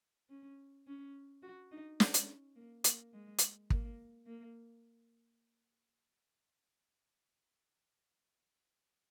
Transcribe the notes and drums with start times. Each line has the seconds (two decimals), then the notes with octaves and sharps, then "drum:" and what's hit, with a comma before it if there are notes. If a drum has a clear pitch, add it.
0.29 C#4
0.87 C#4
1.43 F#4
1.72 D#4
2.00 C#4, drum: snare
2.14 drum: hi-hat
2.56 A#3
2.84 A#3, drum: hi-hat
3.13 G#3
3.39 drum: hi-hat
3.70 A#3, drum: kick
4.26 A#3